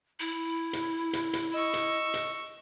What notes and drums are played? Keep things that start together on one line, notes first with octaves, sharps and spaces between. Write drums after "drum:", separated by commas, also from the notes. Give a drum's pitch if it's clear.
E4
drum: hi-hat
drum: hi-hat
drum: hi-hat
D#5 C#6 E6
drum: hi-hat
drum: hi-hat